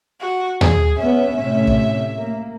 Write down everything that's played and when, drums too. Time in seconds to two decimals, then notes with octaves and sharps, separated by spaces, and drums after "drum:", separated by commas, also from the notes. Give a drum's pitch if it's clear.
0.20 F#4
0.61 G#4, drum: tom D#2
0.99 B3 C#4 E5
1.37 A2 C3 C#4
1.67 drum: kick
2.17 A#3